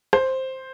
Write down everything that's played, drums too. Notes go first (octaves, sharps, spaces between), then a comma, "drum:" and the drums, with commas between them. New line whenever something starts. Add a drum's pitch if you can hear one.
C5, drum: rim click